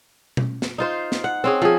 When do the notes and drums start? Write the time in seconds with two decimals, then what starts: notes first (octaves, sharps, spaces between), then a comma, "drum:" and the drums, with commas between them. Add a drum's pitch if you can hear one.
0.37 drum: tom B2
0.62 drum: snare
0.78 D#4 F4 C5
1.12 drum: snare
1.24 F#5
1.44 C4 C#4 G#4
1.62 F3 G#4